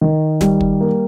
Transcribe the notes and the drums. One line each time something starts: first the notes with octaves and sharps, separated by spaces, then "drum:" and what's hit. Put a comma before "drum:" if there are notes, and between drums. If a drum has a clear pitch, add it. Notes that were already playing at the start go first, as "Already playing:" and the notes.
D#3
G3, drum: snare
drum: kick
A#3